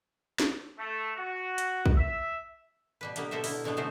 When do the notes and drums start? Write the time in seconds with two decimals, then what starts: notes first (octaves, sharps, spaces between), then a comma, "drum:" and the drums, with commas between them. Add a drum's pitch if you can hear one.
0.40 drum: snare
0.79 A3
1.17 F#4
1.58 drum: hi-hat
1.86 drum: kick
1.96 E5
3.01 B2 G3 B4
3.16 D3 A#3 B3 G4, drum: hi-hat
3.31 B2 A4 A#4 C5 E5
3.44 D3 E4, drum: open hi-hat
3.64 B2 D3 G#3 A3 B3
3.77 C#3 F3 A3 D#4 C5